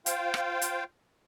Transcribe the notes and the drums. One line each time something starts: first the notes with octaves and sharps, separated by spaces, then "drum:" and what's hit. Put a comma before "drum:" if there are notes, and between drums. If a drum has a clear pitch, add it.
F4 C5 F5 G5, drum: hi-hat
drum: rim click
drum: hi-hat